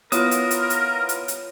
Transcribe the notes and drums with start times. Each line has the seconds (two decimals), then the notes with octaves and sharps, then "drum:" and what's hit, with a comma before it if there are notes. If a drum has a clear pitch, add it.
0.12 B3 E4 F4 A#4 C#5 D#6, drum: hi-hat
0.31 drum: hi-hat
0.51 drum: hi-hat
0.70 drum: hi-hat
1.09 drum: hi-hat
1.28 drum: hi-hat